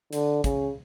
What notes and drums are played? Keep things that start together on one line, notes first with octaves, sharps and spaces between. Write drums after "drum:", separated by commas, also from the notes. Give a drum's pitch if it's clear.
D3, drum: hi-hat
C#3, drum: kick, hi-hat